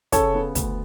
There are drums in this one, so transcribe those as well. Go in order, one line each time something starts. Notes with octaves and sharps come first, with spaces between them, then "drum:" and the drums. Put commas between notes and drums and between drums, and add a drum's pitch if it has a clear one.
C#3 A4 C#5, drum: kick, hi-hat
B3
D2, drum: kick, hi-hat